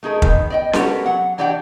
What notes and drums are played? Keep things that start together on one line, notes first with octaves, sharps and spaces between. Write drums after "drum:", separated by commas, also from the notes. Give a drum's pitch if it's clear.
A3 D#4 G#4 A#4
D#3 B3, drum: kick
D5 D#5 G5
B3 C#4 F#4 G4 A4 A#4, drum: snare C#4
F#3 F#5
E3 D4 G4 D5 F#5 G5